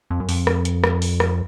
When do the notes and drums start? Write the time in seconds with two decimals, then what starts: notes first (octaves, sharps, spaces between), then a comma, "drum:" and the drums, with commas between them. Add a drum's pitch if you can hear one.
0.11 F2
0.20 F#2
0.29 F2, drum: open hi-hat
0.47 drum: rim click
0.65 drum: hi-hat
0.84 drum: rim click
1.02 drum: open hi-hat
1.20 drum: rim click